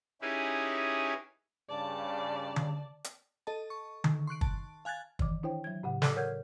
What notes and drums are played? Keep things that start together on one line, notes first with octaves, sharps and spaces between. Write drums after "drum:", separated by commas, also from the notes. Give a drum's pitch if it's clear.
C#4 D#4 E4 G4 G#4 B4
G2 C#3 D5 A5
drum: tom D3
drum: hi-hat
A4 D#5 A5
C#6
D#3, drum: tom D3
C6 C#6 F#6 D7
A5, drum: kick
F5 G#5 F#6 G#6 A6
D#3 E3 D6, drum: kick
D4 E4 C5 C#5 G5
F#3 G#6
A2 C#3 F#5
A4 D5 D6 E6, drum: snare
A#4 C#5 F#5 F6 G6 G#6